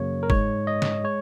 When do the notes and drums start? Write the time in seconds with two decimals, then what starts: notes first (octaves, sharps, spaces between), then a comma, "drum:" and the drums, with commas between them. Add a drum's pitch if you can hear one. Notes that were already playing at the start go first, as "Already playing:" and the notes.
Already playing: F#2 C#3 F#3 A#3 C#5
0.23 A#4
0.30 G#2 G#3 C#5, drum: kick G1
0.67 D#5
0.82 drum: snare
1.04 G#3 C#5